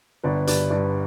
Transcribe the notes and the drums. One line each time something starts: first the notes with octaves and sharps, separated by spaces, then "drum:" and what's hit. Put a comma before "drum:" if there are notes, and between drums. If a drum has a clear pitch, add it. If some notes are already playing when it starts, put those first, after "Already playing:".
G1 B4 D5
G2 B4 D5, drum: hi-hat
G2 B4 D5